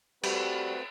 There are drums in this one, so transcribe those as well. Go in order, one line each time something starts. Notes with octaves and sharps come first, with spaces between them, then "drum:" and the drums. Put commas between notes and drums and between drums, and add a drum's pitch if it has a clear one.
G3 A3 C4 F#4 B4, drum: cymbal